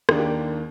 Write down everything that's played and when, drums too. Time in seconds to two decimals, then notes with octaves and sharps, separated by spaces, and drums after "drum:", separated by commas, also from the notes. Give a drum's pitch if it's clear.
0.09 D#2 D#3 A#3 D4 G#4, drum: rim click
0.19 G4